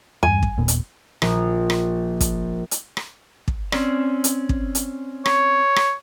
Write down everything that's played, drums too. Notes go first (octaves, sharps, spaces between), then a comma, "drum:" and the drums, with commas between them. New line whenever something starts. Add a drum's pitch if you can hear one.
E2 G2 G#5
drum: kick
D#2 A#2 B3
drum: hi-hat
A#1, drum: rim click
drum: rim click
drum: kick, hi-hat
drum: hi-hat
drum: rim click
drum: kick
C4 C#4 D5, drum: rim click
drum: hi-hat
drum: kick
drum: hi-hat
C#5, drum: rim click
drum: rim click